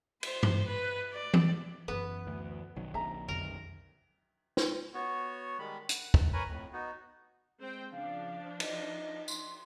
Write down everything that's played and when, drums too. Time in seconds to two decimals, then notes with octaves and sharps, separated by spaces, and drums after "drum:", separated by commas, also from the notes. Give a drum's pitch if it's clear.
0.23 C5, drum: cymbal
0.43 drum: tom G2
0.67 B4
1.13 D5
1.34 drum: tom E3
1.88 F#2 E3 B3 B4
2.27 D2
2.76 B1 D#3 E3 F#3
2.94 D4 E5 A#5
3.28 F2 D3 A#4
4.57 drum: snare
4.94 B3 F#4 C#5
5.59 D#3 G3 G#3 B5
5.89 F#5, drum: hi-hat
6.14 drum: kick
6.33 A#4 B4 C#5 G#5 A#5 B5
6.48 F2 A2
6.73 B3 D#4 F#4
7.60 G#3 C4 C5 G5
7.92 C#3 F3 D4 F5
8.60 D#4 D#5, drum: cymbal
9.28 C6, drum: tambourine